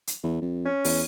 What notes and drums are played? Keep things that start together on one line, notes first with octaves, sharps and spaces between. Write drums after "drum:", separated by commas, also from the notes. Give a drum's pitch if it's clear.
drum: hi-hat
E2
F2
C#4
E2, drum: open hi-hat